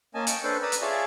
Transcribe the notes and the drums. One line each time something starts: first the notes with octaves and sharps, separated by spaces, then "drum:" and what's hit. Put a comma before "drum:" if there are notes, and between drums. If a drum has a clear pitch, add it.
A#3 C#4 D#5 G#5 A5
G5 A5 C#6, drum: hi-hat
C#4 D4 A4 B4 C5
B4 D5 A#5 B5 D#6 E6
drum: hi-hat
F4 G#4 C#5 D5 E5 A5